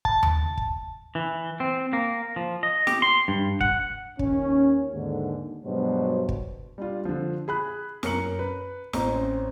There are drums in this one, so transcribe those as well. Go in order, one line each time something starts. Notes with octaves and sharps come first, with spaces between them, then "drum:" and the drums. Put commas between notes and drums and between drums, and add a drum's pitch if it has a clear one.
A5, drum: kick
drum: tom D#2
drum: kick
E3
C4
A#3
F3
D#5
G4, drum: snare
C6
G2
F#5, drum: kick
D#2 C#4, drum: kick
D#2 G#2 D3
G2 B2 F#3 G#3 C5
drum: kick
G3 D4 F4
D3 F3
G#4 B5 F#6
F#2 C#4 A#4 C#7 F#7, drum: snare
B4
A1 C4 C#4 A#5, drum: snare